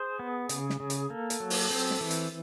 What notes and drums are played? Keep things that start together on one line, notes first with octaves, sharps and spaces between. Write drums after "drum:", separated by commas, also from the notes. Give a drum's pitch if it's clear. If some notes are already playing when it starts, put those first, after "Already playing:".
Already playing: G#4 C5
B3
C#3, drum: hi-hat
drum: snare
C#3
drum: hi-hat
A#3 A4
drum: hi-hat
F#3
drum: open hi-hat
C4
drum: snare
E3
drum: hi-hat